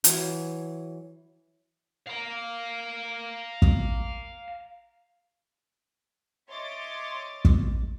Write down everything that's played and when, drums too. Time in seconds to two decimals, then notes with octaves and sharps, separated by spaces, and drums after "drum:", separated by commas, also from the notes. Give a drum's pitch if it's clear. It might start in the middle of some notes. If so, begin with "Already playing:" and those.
0.04 E3 F#3 G#5, drum: hi-hat
2.07 F5 A#5
3.62 drum: kick
6.49 C#5 D#5 E5 C6 D6 A6
7.45 drum: kick